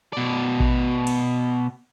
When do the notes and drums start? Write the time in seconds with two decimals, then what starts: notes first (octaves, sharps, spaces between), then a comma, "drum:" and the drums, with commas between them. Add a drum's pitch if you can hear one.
0.13 B2 D5
0.60 drum: kick A1
1.07 drum: cymbal